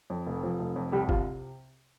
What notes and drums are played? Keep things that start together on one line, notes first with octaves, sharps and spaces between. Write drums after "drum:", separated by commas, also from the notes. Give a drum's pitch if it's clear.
F2
F1
F3
F1
F2
C2 G3 G4
C3 F4, drum: kick